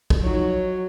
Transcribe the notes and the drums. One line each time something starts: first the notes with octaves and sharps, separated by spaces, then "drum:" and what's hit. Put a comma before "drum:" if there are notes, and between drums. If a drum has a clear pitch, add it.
drum: kick
F3 F#3 D#4 C#5